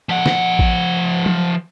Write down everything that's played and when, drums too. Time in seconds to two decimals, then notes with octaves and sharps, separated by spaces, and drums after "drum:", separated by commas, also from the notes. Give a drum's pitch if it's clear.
0.09 F3 F#5
0.26 drum: snare
0.59 drum: kick A1
1.26 drum: tom F#3